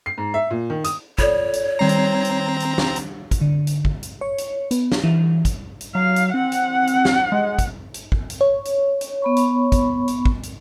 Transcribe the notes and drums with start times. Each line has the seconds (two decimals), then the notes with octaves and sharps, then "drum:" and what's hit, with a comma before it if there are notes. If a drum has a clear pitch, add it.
0.06 C7
0.18 G#2
0.34 E5
0.51 A#2
0.70 D#3
0.84 D#6, drum: hi-hat
1.18 F4 A4 C#5 D5, drum: kick, hi-hat
1.53 drum: hi-hat
1.79 D#3 G3 C4 A#5 C7
1.89 drum: hi-hat
2.25 drum: hi-hat
2.60 drum: hi-hat
2.78 drum: snare
2.96 drum: hi-hat
3.31 drum: kick, hi-hat
3.41 D3
3.67 drum: hi-hat
3.85 drum: kick
4.03 drum: hi-hat
4.21 C#5
4.38 drum: hi-hat
4.71 B3, drum: hi-hat
4.92 drum: snare
5.04 E3
5.45 drum: kick, hi-hat
5.81 drum: hi-hat
5.95 F#3 F5
6.16 drum: hi-hat
6.34 C4 F#5
6.52 drum: hi-hat
6.87 drum: hi-hat
7.05 drum: snare
7.32 G#3
7.59 drum: kick, hi-hat
7.94 drum: hi-hat
8.12 drum: kick
8.30 drum: hi-hat
8.41 C#5
8.65 drum: hi-hat
9.01 drum: hi-hat
9.22 B3 B5 C#6
9.36 drum: hi-hat
9.72 drum: kick, hi-hat
10.08 drum: hi-hat
10.25 drum: kick
10.43 drum: hi-hat